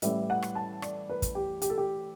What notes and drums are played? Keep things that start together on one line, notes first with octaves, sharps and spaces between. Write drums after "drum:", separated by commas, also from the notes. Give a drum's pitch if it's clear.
A1 A2 E3 G3 E5, drum: hi-hat
F#5
drum: rim click
A5
D5, drum: rim click
B4
drum: kick, hi-hat
G4
G4, drum: hi-hat
A4
G4